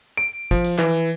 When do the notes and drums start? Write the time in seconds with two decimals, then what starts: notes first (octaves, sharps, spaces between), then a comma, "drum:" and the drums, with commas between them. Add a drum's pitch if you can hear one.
0.17 D7
0.51 F3, drum: kick
0.64 drum: hi-hat
0.78 E3, drum: clap